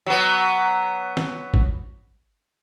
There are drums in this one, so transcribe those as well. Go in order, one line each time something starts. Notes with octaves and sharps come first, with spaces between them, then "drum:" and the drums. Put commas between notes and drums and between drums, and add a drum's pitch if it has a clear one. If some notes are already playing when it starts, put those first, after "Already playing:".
F#3 B3
drum: snare
drum: kick